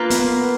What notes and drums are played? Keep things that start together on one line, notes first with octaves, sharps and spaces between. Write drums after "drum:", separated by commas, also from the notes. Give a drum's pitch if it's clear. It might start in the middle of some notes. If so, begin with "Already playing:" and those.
Already playing: A#3 F4 B4
B3, drum: hi-hat